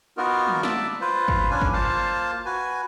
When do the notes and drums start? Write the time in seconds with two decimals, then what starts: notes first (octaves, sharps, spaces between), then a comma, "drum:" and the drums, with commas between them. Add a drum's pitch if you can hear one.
0.17 B3 D#4 F4 F#4 A#4
0.47 drum: tom
0.63 D5 E5 A5, drum: snare
1.01 F4 B4 C5
1.28 drum: kick
1.50 C#4 D4 B4 G#5
1.61 drum: kick
1.73 A#3 F4 C5 F5 A5
2.46 F#4 B4 G#5